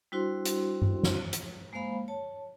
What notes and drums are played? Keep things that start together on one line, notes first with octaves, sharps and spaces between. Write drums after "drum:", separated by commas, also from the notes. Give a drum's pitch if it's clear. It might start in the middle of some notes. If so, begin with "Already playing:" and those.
G3 D4 E4 F#4 C5 C6
drum: hi-hat
drum: tom G2
drum: snare
drum: hi-hat
G#3 A#3 C5 F5 B5
C#5 A5